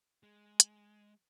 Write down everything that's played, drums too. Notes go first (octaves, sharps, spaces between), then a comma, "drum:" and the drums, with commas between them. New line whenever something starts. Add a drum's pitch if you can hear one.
G#3
drum: hi-hat